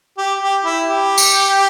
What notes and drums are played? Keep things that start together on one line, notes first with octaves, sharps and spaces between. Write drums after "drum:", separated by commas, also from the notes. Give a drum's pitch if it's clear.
G4
G4
E4
G4
drum: tambourine